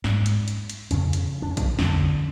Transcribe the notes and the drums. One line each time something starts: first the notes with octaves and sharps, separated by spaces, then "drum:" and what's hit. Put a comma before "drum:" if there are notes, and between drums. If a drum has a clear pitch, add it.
G#2, drum: snare
drum: hi-hat
drum: hi-hat
drum: hi-hat
F2 C#3 C#4, drum: hi-hat
drum: hi-hat
D4
C#4
D4, drum: kick, hi-hat
F2 D3 C#4, drum: snare